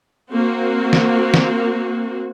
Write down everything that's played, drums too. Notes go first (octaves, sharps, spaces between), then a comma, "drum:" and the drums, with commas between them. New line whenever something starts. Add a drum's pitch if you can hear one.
A#3 C4 F#4
drum: snare
drum: snare